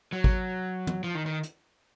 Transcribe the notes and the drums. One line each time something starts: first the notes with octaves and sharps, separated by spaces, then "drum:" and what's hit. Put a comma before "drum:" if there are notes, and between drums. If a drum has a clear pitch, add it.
F#3
drum: kick G#1
drum: tom
F3
D#3
D#3
drum: hi-hat